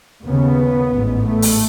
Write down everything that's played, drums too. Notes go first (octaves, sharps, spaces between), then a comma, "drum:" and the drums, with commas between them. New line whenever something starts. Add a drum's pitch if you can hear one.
D#2 C#3 B3
A1 G#2
A3
drum: open hi-hat